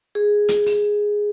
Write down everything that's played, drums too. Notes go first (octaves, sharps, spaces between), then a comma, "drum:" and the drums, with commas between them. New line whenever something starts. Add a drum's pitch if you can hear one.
G#4
drum: hi-hat
drum: open hi-hat